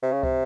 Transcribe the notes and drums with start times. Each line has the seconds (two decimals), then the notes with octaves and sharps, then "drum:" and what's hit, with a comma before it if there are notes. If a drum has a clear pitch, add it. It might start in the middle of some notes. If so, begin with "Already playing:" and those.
0.03 C3
0.12 C#3
0.23 C3, drum: kick